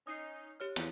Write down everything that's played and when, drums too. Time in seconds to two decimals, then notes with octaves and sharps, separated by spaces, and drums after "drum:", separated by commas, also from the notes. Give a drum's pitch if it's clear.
0.07 C#4 D#4 D#6 C7
0.60 G4 C#5 F6
0.76 E2 A#2 F3 F4 F#6, drum: hi-hat